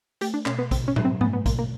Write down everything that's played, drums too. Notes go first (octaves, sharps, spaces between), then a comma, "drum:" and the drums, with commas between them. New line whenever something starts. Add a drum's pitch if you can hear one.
A3 G4, drum: hi-hat
D4
B2 C#4, drum: clap
B3
B2 C4, drum: kick A#1, hi-hat
C#4
F#3, drum: tom A2
C4
A3 B3, drum: tom G#2
B3
B2 A#3, drum: kick A#1, hi-hat
A#3